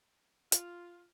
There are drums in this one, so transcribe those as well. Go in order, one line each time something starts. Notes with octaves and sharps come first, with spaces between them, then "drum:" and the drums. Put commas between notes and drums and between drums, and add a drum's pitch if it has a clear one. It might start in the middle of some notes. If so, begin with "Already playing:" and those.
F4, drum: hi-hat